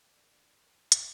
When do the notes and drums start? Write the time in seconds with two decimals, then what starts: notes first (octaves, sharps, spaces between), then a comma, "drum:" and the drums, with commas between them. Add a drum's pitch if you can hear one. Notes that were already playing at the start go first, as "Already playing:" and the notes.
0.15 D3
0.23 D#3
0.32 D3
0.60 D#3
0.92 drum: hi-hat